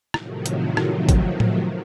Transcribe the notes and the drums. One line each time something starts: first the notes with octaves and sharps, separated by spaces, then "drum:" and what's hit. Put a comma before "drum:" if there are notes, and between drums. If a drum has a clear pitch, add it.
A2 C3 D#3 F3 F#3, drum: rim click
drum: hi-hat
drum: rim click
drum: kick, hi-hat
drum: tom A2